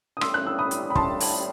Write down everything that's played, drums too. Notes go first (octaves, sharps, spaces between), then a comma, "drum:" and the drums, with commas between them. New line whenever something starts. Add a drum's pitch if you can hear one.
D#6
A1 A2 G3 C6 E6, drum: rim click
F#6
E6
B5 D#6
drum: hi-hat
B5
A5 C6, drum: kick
drum: open hi-hat